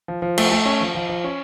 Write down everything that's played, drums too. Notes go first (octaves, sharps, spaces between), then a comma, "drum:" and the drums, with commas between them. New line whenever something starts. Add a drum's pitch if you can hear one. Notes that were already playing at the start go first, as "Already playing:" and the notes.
F3
F3
A3, drum: cymbal
A3
C#4
F3
F3
F3
C#4